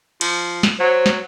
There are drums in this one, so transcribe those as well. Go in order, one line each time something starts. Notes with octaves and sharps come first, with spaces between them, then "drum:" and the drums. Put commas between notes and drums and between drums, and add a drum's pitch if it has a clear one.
F3, drum: cymbal
drum: snare
F#3 C5
drum: snare